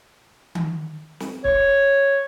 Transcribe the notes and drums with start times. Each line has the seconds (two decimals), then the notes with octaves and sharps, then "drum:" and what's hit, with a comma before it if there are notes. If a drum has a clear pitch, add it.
0.55 drum: tom D#3
1.20 drum: snare
1.44 C#5, drum: kick